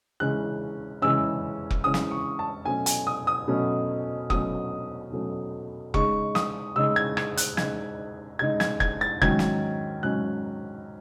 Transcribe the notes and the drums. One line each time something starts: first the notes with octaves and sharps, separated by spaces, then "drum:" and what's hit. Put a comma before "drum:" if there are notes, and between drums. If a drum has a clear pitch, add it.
C#3 E3 G#3 C#4 F#6
C#3 E3 G#3 C#4 E6
drum: kick F1
C#3 E3 G#3 C#4 D#6
drum: snare
C#6
A5
B2 F#3 A3 C#4 G#5
G#5, drum: hi-hat
D#6
D#6
B2 F#3 A3 C#4
B2 F#3 A3 C#4 D#6, drum: kick F1
B2 F#3 A3 C#4
C#3 G#3 D#4 C#6, drum: kick F1
D#6, drum: snare
C#3 G#3 D#4 E6
G#6
G#6, drum: rim click
F#6, drum: hi-hat
C#3 G#3 D#4 G#6, drum: snare
C#3 G#3 D#4 G#6
G#6, drum: snare
G#6, drum: kick F1
A6
G#2 D#3 F#3 C#4 G#6, drum: kick F1
drum: snare
G#2 D#3 F#3 C#4 F#6